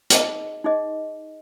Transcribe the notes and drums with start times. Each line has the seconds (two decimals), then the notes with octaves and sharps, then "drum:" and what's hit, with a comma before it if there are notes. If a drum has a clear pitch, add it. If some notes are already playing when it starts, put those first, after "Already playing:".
0.10 D#4 G#4 D#5, drum: hi-hat
0.64 D#4 G#4 D#5